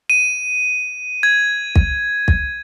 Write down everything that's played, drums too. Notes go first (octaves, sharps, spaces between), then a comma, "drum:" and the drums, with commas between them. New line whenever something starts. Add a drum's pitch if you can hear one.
D#7
G#6
drum: kick
drum: kick